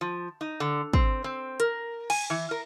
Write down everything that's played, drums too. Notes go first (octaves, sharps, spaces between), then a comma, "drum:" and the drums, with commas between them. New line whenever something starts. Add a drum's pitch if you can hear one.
F3
D#4
D3
C4, drum: kick
C4
A#4, drum: hi-hat
G#5, drum: cymbal
E3
A#4